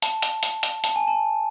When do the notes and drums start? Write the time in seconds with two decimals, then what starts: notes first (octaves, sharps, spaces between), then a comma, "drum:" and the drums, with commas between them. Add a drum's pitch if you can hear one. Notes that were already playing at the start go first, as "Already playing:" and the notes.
0.02 A5, drum: hi-hat
0.22 drum: hi-hat
0.43 drum: hi-hat
0.63 drum: hi-hat
0.84 A5, drum: hi-hat
0.96 G#5
1.07 A5